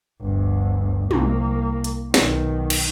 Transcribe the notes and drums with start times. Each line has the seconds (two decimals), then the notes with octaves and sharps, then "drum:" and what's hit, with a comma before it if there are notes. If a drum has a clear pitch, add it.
0.22 G1 D2
1.11 C2 A#3, drum: tom
1.84 drum: hi-hat
2.14 B1 D#3, drum: snare
2.70 drum: cymbal